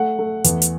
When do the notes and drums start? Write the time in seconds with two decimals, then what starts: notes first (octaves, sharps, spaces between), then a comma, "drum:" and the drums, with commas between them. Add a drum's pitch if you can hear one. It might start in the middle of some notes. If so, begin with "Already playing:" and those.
Already playing: A3 F#5
0.19 A3
0.44 E2, drum: hi-hat
0.62 drum: hi-hat